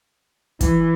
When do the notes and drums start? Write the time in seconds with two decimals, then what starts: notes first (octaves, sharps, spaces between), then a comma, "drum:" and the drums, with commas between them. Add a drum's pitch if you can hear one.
0.61 E3, drum: kick, hi-hat